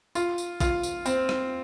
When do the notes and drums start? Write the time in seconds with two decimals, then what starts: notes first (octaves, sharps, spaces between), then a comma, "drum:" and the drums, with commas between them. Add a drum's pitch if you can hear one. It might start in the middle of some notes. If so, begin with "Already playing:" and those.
0.15 F4, drum: tambourine
0.38 drum: tambourine
0.60 F4, drum: kick A#1, tambourine
0.83 drum: tambourine
1.06 C4, drum: tambourine
1.29 drum: rim click